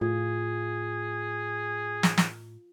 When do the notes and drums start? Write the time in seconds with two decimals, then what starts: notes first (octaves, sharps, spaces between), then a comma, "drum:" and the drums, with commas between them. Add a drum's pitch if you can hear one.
0.01 A2 F4 G#4
2.03 drum: snare
2.18 drum: snare